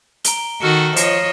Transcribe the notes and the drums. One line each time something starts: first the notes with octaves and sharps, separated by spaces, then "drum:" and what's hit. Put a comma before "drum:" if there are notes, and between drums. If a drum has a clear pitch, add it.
A#5 D7 G7, drum: hi-hat
D#3 F#4 A4 F6 C#7
F3 C#5 D#5 A#6 C7 E7, drum: hi-hat